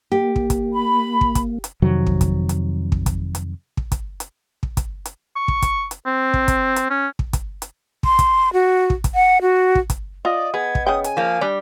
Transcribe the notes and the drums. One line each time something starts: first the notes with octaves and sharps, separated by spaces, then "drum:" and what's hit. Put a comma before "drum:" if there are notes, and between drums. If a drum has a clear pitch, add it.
A#3 G4
drum: kick
drum: kick, hi-hat
B5
drum: kick
drum: kick, hi-hat
drum: hi-hat
F2 C3 D#3 F#3
drum: kick
drum: kick, hi-hat
drum: hi-hat
drum: kick
drum: kick, hi-hat
drum: hi-hat
drum: kick
drum: kick, hi-hat
drum: hi-hat
drum: kick
drum: kick, hi-hat
drum: hi-hat
C#6
drum: kick
drum: kick, hi-hat
drum: hi-hat
C4
drum: kick
drum: kick, hi-hat
drum: hi-hat
C#4
drum: kick
drum: kick, hi-hat
drum: hi-hat
C6, drum: kick
drum: kick, hi-hat
F#4
drum: kick
drum: kick, hi-hat
F#5
F#4
drum: kick
drum: kick, hi-hat
F4 D5 D#5
B3 G#4 G#6
drum: kick
C#3 G#4 G5 D#6
G#5, drum: hi-hat
F3 A#3
G3 D4 D5